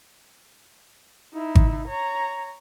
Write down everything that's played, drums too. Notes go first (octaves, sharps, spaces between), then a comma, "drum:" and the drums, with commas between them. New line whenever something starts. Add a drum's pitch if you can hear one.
D#4 E4
drum: kick G#1
C#5 A#5